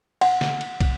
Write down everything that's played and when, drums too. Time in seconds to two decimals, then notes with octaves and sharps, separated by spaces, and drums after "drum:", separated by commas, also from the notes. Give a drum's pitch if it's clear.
0.21 F#5, drum: cymbal
0.41 drum: snare
0.61 drum: cymbal
0.81 drum: kick, cymbal